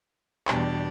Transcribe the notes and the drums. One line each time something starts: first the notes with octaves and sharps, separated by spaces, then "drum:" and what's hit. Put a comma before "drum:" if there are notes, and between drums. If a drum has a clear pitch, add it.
E2 B2 G3 D4 G4, drum: clap